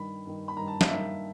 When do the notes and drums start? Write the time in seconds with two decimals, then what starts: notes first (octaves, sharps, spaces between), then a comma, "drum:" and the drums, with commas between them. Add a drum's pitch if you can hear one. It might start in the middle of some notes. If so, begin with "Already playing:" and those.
Already playing: G2 D#3 B5
0.25 G2 D#3
0.48 B5
0.57 G2 D#3 A#5
0.68 A5
0.81 F5, drum: snare
0.88 G2 D#3 E5